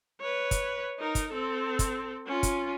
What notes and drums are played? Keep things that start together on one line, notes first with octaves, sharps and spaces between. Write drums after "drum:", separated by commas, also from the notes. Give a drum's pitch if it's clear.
B4 C#5
drum: kick, hi-hat
D#4 A#4
drum: kick, hi-hat
C4 A4
drum: kick, hi-hat
C#4 F4
drum: kick, hi-hat